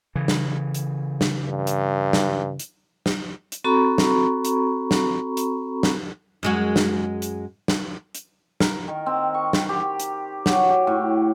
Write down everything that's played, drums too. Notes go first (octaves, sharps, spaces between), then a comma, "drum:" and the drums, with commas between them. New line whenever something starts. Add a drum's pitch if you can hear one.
C#3 E3
drum: snare
drum: hi-hat
drum: snare
G2
drum: hi-hat
drum: snare
drum: hi-hat
drum: snare
drum: hi-hat
C4 F#4 A4 A#5 B5 C#6
drum: snare
drum: hi-hat
drum: snare
drum: hi-hat
drum: snare
F#2 G#3 F#4
drum: snare
drum: hi-hat
drum: snare
drum: hi-hat
A#4, drum: snare
D#3
C4
C#6
drum: snare
G4
drum: hi-hat
F#3, drum: snare
G4
A2